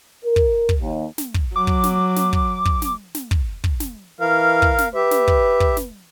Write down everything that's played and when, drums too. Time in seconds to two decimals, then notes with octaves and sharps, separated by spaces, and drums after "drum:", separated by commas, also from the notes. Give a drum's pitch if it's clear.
0.24 A#4
0.36 drum: kick
0.69 drum: kick
0.80 D#2
1.18 drum: snare
1.34 drum: kick
1.56 F#3 D6
1.67 drum: kick
1.84 drum: snare
2.16 drum: snare
2.33 drum: kick
2.65 drum: kick
2.82 drum: snare
3.15 drum: snare
3.31 drum: kick
3.64 drum: kick
3.80 drum: snare
4.20 E3 A#4 F5
4.62 drum: kick
4.78 drum: snare
4.95 G4 B4 E5
5.11 drum: snare
5.28 drum: kick
5.60 drum: kick
5.77 drum: snare